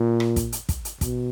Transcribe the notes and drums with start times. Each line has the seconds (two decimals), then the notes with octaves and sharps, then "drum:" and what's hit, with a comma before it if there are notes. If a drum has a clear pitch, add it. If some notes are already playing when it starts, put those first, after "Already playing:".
Already playing: A#2
0.20 drum: rim click
0.36 drum: kick, hi-hat
0.52 drum: hi-hat
0.69 drum: kick, hi-hat
0.85 drum: hi-hat
1.01 B2, drum: kick, hi-hat